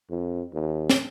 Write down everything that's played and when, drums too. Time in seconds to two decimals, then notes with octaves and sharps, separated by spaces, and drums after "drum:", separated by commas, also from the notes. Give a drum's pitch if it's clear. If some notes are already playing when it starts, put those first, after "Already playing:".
0.10 F2
0.53 D#2
0.90 drum: snare